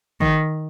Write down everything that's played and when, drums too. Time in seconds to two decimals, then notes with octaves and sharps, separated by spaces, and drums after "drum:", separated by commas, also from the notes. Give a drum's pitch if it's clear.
0.21 D#3, drum: kick